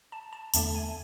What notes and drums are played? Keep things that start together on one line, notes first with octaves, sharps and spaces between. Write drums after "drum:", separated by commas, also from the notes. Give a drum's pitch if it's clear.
A5
A5
E2 D3 A3 A5, drum: tambourine
G#5